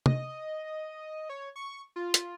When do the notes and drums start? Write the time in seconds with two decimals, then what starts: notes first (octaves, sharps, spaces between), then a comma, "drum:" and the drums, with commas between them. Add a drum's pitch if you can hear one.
0.06 D#5, drum: tom
1.29 C#5
1.56 C#6
1.96 F4
2.14 drum: hi-hat